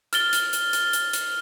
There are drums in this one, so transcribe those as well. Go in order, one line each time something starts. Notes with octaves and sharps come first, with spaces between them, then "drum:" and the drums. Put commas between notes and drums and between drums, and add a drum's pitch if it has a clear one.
F6 A6 G7, drum: hi-hat
drum: hi-hat
drum: hi-hat
drum: hi-hat
drum: hi-hat
drum: hi-hat